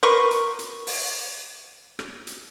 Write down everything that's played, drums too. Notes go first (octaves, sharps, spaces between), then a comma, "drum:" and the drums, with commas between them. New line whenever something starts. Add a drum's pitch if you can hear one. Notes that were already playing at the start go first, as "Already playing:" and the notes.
A#4 B4 C6 C#6
drum: hi-hat
drum: hi-hat
drum: open hi-hat
drum: rim click
drum: hi-hat